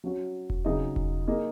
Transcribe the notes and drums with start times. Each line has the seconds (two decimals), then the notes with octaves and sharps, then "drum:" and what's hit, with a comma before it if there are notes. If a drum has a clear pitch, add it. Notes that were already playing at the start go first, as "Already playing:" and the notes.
0.04 F#3 C#4 F#4
0.50 drum: kick E1
0.65 C#3 F#3 D#4 G#4 D#5
0.96 drum: kick E1
1.27 A#3 D#4 G#4 D#5